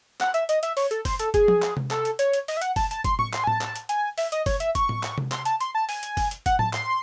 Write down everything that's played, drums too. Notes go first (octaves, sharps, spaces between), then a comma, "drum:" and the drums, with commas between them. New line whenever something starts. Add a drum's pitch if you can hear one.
F#5, drum: clap
E5, drum: hi-hat
D#5, drum: hi-hat
E5, drum: hi-hat
C#5, drum: open hi-hat
A4, drum: hi-hat
C5, drum: kick F#1, open hi-hat
A4, drum: hi-hat
G#4, drum: kick F#1, hi-hat
drum: tom F3
drum: clap
drum: tom C3
A4, drum: clap
drum: hi-hat
C#5, drum: hi-hat
drum: hi-hat
D#5, drum: open hi-hat
E5
F#5, drum: hi-hat
A5, drum: kick F#1, open hi-hat
A5, drum: hi-hat
C6, drum: kick F#1, hi-hat
C#6, drum: tom A2
C6, drum: clap
G#5
A5, drum: tom A2
drum: clap
drum: hi-hat
G#5, drum: hi-hat
E5, drum: open hi-hat
D#5, drum: hi-hat
C#5, drum: kick F#1, open hi-hat
E5, drum: hi-hat
C#6, drum: kick F#1, hi-hat
drum: tom A2
drum: clap
drum: tom C3
C6, drum: clap
A5, drum: hi-hat
C6, drum: hi-hat
A5
G#5, drum: open hi-hat
drum: hi-hat
drum: kick F#1, open hi-hat
drum: hi-hat
F#5, drum: kick F#1, hi-hat
A5, drum: tom A2
C6, drum: clap